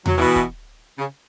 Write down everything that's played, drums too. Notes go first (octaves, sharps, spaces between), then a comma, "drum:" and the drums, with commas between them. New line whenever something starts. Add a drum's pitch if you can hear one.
F#3, drum: tom E2
B2 E3
drum: kick
C#3